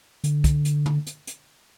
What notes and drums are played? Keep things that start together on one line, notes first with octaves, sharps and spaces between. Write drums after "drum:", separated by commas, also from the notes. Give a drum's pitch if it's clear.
D3, drum: hi-hat
drum: kick, hi-hat
drum: hi-hat
drum: tom
drum: hi-hat
drum: hi-hat